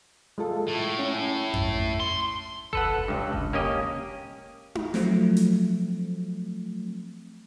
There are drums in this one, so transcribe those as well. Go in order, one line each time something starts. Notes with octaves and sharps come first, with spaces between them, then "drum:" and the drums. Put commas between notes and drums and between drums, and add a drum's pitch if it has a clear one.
G#3 F4 A4
A2
C#4
drum: tom F2
C6
A4 B4 F#5, drum: kick F#1
C#2 G2
drum: kick F#1
A#3 C#4 G4 D#5
drum: tom D#4
F3 F#3 A3 C4, drum: snare
drum: hi-hat